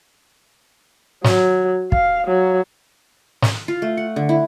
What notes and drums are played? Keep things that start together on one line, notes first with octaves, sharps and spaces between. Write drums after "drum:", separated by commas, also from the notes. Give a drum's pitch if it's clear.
F#3, drum: snare
F5, drum: kick
F#3
drum: snare
F4
A3
F#5
D3
E4